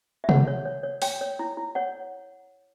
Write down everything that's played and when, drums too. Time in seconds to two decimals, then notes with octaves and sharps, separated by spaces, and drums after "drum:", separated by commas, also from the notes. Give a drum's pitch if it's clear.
0.24 E5
0.29 C#5 F#5, drum: tom C3
0.47 C#5
0.65 C#5
0.83 C#5
1.02 C#5 G5, drum: open hi-hat
1.21 C#5
1.39 E4
1.57 E4
1.75 C#5 F#5